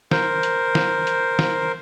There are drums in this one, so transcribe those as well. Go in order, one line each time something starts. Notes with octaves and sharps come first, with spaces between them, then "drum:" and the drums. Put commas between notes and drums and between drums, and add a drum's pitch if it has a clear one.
A#4 C5, drum: snare
drum: hi-hat
drum: snare
drum: hi-hat
drum: snare